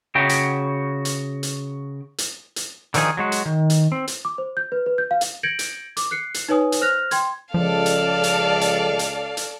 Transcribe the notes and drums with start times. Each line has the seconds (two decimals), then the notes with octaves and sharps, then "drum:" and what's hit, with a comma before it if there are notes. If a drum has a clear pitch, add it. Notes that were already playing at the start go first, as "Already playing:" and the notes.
0.15 C#3 F#4 G5
0.29 drum: hi-hat
1.05 drum: hi-hat
1.43 drum: hi-hat
2.18 drum: hi-hat
2.56 drum: hi-hat
2.94 D3 D#3 F3 D#4 G#4, drum: hi-hat
3.17 F#3 G#3 F#4
3.32 drum: hi-hat
3.46 D#3
3.70 drum: hi-hat
3.92 C4
4.08 drum: hi-hat
4.25 D6
4.38 C5
4.57 G6
4.72 B4
4.86 B4
4.98 G6
5.11 F5
5.21 drum: hi-hat
5.43 G6 G#6 A#6 C#7 D7 F#7
5.59 drum: hi-hat
5.97 D6, drum: hi-hat
6.11 F#6 C7 C#7
6.34 drum: hi-hat
6.48 D#4 B4 C#5 G#5 D#6
6.72 drum: hi-hat
6.81 C5 F6 F#6 A#6 F7
7.11 G5 C6 G#6, drum: hi-hat
7.54 C#2 F3 A4 D5 F5 A5
7.86 drum: hi-hat
8.24 drum: hi-hat
8.61 drum: hi-hat
8.99 drum: hi-hat
9.37 drum: hi-hat